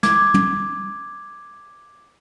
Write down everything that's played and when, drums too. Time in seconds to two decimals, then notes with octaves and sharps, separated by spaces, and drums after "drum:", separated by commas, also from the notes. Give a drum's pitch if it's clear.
0.03 D6 G#6, drum: snare
0.34 drum: tom